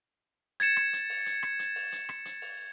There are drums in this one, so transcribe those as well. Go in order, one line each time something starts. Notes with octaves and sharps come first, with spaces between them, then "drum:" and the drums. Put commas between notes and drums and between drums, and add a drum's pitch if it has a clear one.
G#6 A6 C#7 E7, drum: hi-hat
drum: rim click
drum: hi-hat
drum: open hi-hat
drum: hi-hat
drum: rim click
drum: hi-hat
drum: open hi-hat
drum: hi-hat
drum: rim click
drum: hi-hat
drum: open hi-hat